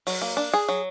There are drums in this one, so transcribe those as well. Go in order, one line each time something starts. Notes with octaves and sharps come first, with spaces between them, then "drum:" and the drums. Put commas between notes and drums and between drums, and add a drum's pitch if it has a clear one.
F#3, drum: open hi-hat
A#3
D4
G#4
F#3